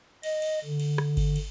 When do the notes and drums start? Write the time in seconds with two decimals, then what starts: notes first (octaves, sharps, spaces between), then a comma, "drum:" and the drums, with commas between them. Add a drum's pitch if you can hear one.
0.23 D#5, drum: cymbal
0.42 drum: cymbal
0.64 D3
0.80 drum: cymbal
0.98 drum: rim click
1.17 drum: kick G1, cymbal
1.36 drum: cymbal